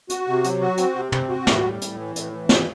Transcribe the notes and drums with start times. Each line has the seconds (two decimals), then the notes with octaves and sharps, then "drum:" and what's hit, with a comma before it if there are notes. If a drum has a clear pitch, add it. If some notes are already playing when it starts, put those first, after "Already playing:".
0.10 F#4, drum: hi-hat
0.27 C3
0.44 F#3, drum: hi-hat
0.61 F#4
0.77 C4, drum: hi-hat
0.95 C3
1.12 C4, drum: tom
1.29 F#4
1.47 A2, drum: snare
1.63 G3
1.82 A2, drum: hi-hat
1.98 E3
2.16 A2, drum: hi-hat
2.33 E3
2.49 A2, drum: snare